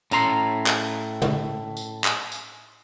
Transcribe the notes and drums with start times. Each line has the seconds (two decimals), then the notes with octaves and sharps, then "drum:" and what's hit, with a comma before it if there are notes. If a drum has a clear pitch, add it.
0.11 A2 C#4 A#5 C6, drum: tambourine
0.67 drum: clap
1.22 drum: tom
1.77 drum: tambourine
2.04 drum: clap
2.32 drum: tambourine